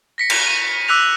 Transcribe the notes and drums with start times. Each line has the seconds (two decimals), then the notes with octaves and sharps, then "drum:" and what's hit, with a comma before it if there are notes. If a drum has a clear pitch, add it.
0.18 A#6 B6 C#7
0.30 drum: cymbal
0.46 D#7
0.88 D6 E6 F#6 B6 F7